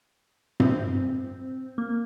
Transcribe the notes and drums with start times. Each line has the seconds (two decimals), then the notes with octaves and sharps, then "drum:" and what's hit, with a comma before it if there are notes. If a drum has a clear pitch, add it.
0.60 C4, drum: tom G2
1.78 A#3